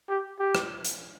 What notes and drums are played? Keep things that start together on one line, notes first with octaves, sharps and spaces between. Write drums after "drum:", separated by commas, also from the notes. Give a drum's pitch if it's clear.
G4
G4
drum: rim click
drum: hi-hat